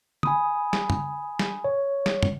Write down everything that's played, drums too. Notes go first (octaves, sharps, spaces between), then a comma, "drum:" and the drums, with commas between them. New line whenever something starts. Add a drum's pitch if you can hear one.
G#5 B5 D#6, drum: tom
drum: snare
drum: tom
drum: snare
C#5
drum: snare
drum: tom